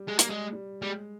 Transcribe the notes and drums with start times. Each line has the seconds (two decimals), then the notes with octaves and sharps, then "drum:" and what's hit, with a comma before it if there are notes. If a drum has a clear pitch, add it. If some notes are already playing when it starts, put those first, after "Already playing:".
Already playing: G3
0.08 G#3
0.19 G3 A#3, drum: hi-hat
0.30 G#3
0.53 G3
0.82 G3 G#3